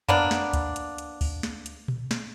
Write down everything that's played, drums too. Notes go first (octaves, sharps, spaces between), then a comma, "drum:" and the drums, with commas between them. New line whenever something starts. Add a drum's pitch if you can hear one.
A#3 B3 D4, drum: tom F2
drum: snare
drum: kick C#2, hi-hat
drum: hi-hat
drum: hi-hat
drum: kick C#2, open hi-hat
drum: snare
drum: hi-hat
drum: tom A#2
drum: snare